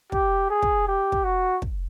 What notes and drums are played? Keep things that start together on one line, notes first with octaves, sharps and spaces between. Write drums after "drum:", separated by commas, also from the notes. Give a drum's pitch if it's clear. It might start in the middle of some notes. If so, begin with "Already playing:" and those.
G4, drum: kick
G#4
drum: kick
G4
drum: kick
F#4
drum: kick